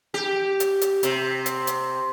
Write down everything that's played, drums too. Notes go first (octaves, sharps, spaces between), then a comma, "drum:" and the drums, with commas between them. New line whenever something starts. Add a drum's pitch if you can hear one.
G4
drum: hi-hat
drum: hi-hat
C3, drum: hi-hat
drum: hi-hat
drum: hi-hat